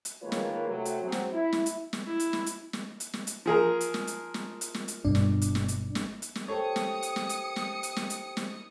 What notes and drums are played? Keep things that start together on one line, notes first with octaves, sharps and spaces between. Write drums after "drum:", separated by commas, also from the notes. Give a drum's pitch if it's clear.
drum: hi-hat
D#3 G#3 A#3 F4 B4 C#5
drum: snare
C3 F#3 A3
drum: hi-hat
F#3 C4 G#4
drum: snare
E4
drum: snare
drum: hi-hat
drum: snare
E4
drum: hi-hat
drum: snare
drum: hi-hat
drum: snare
drum: hi-hat
drum: snare
drum: hi-hat
F3 G#4 A#4
drum: hi-hat
drum: snare
drum: hi-hat
drum: snare
drum: hi-hat
drum: snare
drum: hi-hat
G1 G2 B2 D4
drum: snare
drum: hi-hat
drum: snare
drum: hi-hat
drum: snare
drum: hi-hat
drum: snare
G4 A4 C5 C#5 G5 D#6 C#7
drum: snare
drum: hi-hat
drum: snare
drum: hi-hat
drum: snare
drum: hi-hat
drum: snare
drum: hi-hat
drum: snare